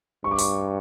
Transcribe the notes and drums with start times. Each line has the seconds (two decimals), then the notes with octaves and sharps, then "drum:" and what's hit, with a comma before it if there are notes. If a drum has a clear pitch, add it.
0.24 G2 C#6
0.31 D6
0.39 C#6, drum: open hi-hat